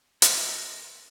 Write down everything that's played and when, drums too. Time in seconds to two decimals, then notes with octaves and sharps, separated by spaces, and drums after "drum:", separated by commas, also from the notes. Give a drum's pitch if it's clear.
0.22 A4 A#4 D#5 E5 C6, drum: hi-hat